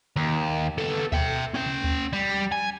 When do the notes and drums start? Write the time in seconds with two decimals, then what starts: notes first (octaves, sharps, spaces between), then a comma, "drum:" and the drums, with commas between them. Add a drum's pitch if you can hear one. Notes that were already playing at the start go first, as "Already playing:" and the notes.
0.16 D#2
0.78 B3 A4
1.12 E5 G5, drum: kick D2
1.54 C#4 G5
1.66 drum: tom C3
1.84 drum: kick D2
2.13 G3
2.52 G#5